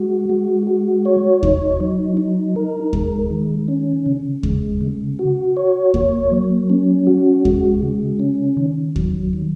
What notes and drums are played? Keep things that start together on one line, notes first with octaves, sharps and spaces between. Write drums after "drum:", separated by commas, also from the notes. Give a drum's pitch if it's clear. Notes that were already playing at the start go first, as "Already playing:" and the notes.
Already playing: G#3 F#4
G#3
F#4
C#5
D#4, drum: kick D#2
F#3
D#4
A#4
G#3, drum: kick D#2
D#3
C#4
C#3
G#3, drum: kick D#2
C#3
F#4
C#5
A#3, drum: kick D#2
F#3
C#4
F#4
G#3, drum: kick D#2
C#3
C#4
D#3
F#3, drum: kick D#2
D#3